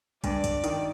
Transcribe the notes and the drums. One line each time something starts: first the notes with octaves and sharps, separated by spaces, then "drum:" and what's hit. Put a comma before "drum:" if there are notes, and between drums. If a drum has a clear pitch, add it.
G2 D5, drum: kick, hi-hat
drum: kick, hi-hat
D#3, drum: hi-hat